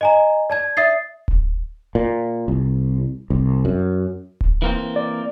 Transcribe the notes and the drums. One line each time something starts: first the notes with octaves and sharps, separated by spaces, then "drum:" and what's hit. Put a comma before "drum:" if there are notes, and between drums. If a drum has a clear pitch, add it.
D#5 G#5 A#5
D5 A5 G#6
D5 E5 D#6 A6 C7
drum: kick D1
A#2
C2
C2
F#2
drum: kick D1
E3 A#3 C4
D5